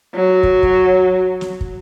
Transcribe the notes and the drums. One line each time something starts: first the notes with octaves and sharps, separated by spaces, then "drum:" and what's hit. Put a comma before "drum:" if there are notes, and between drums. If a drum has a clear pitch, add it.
F#3
drum: kick
drum: kick
drum: snare
drum: kick